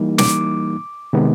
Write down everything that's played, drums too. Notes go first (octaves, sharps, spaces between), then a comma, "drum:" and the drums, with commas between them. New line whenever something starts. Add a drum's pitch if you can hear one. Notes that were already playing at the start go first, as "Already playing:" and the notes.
Already playing: E3 G3 A#3 D#4
D6, drum: snare
C3 D#3 G#3 B3